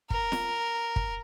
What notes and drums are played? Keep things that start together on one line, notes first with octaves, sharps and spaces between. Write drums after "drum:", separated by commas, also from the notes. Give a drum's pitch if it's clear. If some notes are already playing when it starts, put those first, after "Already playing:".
A#4, drum: kick
drum: snare
drum: kick